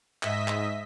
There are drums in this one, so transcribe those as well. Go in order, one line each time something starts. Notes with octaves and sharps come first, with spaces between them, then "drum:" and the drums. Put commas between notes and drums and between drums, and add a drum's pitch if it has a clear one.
G#2 D#5 E5 B6, drum: clap
drum: clap